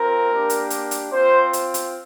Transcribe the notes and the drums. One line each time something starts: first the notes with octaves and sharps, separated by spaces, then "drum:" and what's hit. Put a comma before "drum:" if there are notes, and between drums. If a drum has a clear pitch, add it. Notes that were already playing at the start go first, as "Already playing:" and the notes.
Already playing: C4 F4 A#4
A#3 D4 G4
drum: hi-hat
drum: hi-hat
drum: hi-hat
C4 F4 C5
drum: hi-hat
drum: hi-hat